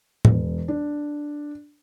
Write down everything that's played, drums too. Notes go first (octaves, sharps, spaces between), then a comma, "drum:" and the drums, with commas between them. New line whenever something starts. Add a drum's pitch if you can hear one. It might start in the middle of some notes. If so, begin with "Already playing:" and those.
E1, drum: tom A2
D4